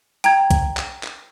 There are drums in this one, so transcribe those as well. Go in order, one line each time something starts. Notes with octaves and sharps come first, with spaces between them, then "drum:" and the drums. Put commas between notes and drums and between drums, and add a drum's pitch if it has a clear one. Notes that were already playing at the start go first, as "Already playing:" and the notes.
G5 A#5 G#6, drum: hi-hat
drum: kick B1, hi-hat
drum: clap
drum: clap